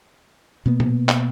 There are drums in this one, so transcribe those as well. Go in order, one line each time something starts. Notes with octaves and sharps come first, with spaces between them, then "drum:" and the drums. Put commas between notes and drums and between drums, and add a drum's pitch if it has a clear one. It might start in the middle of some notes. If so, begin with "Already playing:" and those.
B2 A#3 B3
drum: tom A#2
drum: clap